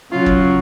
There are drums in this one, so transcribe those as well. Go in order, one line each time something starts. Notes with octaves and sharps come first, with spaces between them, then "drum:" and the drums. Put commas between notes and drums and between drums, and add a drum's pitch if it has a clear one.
C#3 F#3 F4
drum: kick